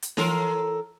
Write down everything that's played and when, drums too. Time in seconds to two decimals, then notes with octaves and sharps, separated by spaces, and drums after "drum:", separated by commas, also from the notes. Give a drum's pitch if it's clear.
0.02 drum: hi-hat
0.17 E3 A4 A#4, drum: snare